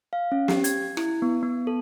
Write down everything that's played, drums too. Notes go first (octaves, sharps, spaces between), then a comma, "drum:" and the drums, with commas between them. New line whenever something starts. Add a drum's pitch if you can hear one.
F5
C#4
G4, drum: snare
G#6, drum: hi-hat
G#6
E4, drum: rim click
B3
B3
A4